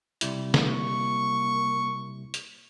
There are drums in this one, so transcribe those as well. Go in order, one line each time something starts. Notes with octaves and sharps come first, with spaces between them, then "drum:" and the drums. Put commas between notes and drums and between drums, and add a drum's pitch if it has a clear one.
C3 G3 E4, drum: hi-hat
drum: snare
A#3 C#6
drum: hi-hat